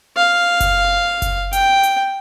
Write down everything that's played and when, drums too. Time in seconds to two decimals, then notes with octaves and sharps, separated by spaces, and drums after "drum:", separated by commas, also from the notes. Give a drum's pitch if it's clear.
0.17 F5
0.60 drum: kick F#1, hi-hat
1.22 drum: kick F#1, hi-hat
1.53 G5, drum: hi-hat
1.83 drum: hi-hat